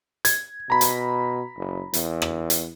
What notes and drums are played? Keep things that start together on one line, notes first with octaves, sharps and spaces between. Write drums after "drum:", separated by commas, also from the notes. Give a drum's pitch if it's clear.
G#6, drum: hi-hat
B2 A#5 B5
drum: hi-hat
F#1
E2, drum: hi-hat
drum: rim click
drum: hi-hat